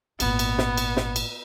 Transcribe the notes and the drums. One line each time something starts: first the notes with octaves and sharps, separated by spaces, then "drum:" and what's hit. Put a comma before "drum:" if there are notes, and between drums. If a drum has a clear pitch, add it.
G#1 A#2 B3, drum: cymbal
drum: cymbal
drum: snare
drum: cymbal
drum: snare
drum: cymbal